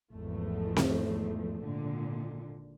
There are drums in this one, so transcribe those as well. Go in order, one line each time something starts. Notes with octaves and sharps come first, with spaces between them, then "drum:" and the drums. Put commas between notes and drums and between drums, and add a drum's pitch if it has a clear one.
G#1 E2 F3 A3
drum: snare C4
G#1 A#2 D3